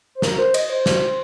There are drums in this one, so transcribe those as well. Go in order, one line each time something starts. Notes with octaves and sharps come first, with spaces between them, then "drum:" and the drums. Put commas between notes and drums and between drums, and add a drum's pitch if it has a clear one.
C5
A#4, drum: snare
C5
D#5, drum: cymbal
C5
drum: snare